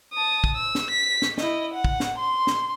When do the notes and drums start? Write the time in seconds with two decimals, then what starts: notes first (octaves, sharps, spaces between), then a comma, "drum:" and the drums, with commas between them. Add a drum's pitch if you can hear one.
0.14 A5 D#6
0.44 drum: kick
0.56 E6
0.75 drum: snare
0.91 B6
1.22 drum: snare
1.38 E4 D#5, drum: snare
1.74 F#5
1.84 drum: kick
2.00 drum: snare
2.18 C6
2.47 drum: snare